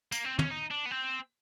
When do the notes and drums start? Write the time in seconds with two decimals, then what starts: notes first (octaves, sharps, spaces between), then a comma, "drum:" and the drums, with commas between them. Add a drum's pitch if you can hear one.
0.12 A#3, drum: tambourine
0.25 C4
0.39 C#4, drum: tom
0.51 D#4
0.71 D4
0.86 B3
0.91 C4